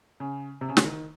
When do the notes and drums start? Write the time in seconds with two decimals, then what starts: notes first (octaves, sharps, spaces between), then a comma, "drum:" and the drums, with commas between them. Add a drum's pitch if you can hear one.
0.20 C#3
0.61 C3
0.69 C#3
0.77 D3, drum: snare
0.84 D#3